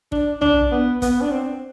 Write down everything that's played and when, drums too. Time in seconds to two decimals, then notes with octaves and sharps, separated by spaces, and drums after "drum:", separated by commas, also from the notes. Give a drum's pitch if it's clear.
0.12 D4, drum: kick
0.41 D4, drum: tom B1
0.72 B3
1.02 B3, drum: kick, hi-hat
1.21 D4
1.32 C4